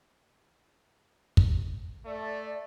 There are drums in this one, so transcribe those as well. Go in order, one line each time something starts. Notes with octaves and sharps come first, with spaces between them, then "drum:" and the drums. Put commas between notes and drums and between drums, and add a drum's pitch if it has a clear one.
drum: kick
A3 D5